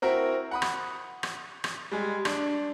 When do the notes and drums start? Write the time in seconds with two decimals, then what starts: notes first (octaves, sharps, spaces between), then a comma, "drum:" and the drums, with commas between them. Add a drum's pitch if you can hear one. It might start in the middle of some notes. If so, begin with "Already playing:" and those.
0.02 C4 E4 F#4 A#4
0.51 F#5 B5 D#6
0.62 drum: rim click
1.23 drum: rim click
1.64 drum: rim click
1.92 G3 G#3
2.25 D4, drum: rim click